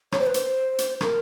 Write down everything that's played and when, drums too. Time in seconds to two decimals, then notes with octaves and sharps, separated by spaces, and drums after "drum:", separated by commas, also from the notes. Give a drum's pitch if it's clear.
0.12 C#5, drum: rim click
0.20 C5
0.27 B4
0.34 C5, drum: hi-hat
0.78 drum: hi-hat
1.01 A#4, drum: rim click